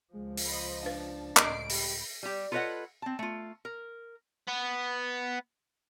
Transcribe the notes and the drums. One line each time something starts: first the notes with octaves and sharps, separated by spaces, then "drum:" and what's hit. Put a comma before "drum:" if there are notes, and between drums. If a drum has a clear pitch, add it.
C#2 F3 G#3
drum: open hi-hat
C5 D#5 B5
D4 B4 F5 A5
C#2 A2 D5 D#5 C7 D7, drum: clap
G4 B5, drum: open hi-hat
G3 G4
F4 A4 B4 C#5 D#5 F#5
C4 A5
A3 F4
A#4
B3